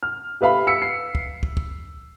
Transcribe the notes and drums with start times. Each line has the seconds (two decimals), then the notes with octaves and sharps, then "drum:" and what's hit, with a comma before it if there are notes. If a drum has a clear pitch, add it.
0.03 F6
0.41 G4 B4 E5 F5 B5
0.67 E6 B6 C#7
0.82 C7
1.15 drum: kick
1.43 drum: kick
1.57 drum: kick